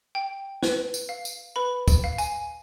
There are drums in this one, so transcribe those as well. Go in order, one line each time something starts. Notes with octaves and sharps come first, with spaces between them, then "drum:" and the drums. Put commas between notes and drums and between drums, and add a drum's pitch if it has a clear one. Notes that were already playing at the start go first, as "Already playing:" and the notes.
G5
B4, drum: snare
drum: tambourine
F5
drum: tambourine
B4 B5
drum: kick, tambourine
F5
G#5, drum: tambourine